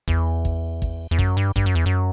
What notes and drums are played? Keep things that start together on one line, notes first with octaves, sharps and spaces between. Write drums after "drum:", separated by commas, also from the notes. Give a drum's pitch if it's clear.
E2, drum: kick G#1
drum: kick G#1
drum: kick G#1
E2
F#2, drum: kick G#1
G2
G2, drum: kick G#1
F#2
E2
F#2